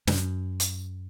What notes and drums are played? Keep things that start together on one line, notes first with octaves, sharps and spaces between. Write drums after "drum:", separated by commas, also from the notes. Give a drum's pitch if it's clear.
F#2, drum: snare
drum: hi-hat